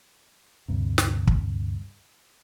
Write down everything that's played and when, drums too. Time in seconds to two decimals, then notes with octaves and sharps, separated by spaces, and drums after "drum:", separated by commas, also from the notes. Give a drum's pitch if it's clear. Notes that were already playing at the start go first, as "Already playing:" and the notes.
0.68 D2 G2 C3
0.98 drum: snare
1.27 drum: kick